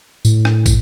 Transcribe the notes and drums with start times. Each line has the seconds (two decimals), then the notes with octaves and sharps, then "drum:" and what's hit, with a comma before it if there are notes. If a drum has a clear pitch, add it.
0.25 A2, drum: tambourine
0.45 drum: rim click
0.66 drum: kick, tambourine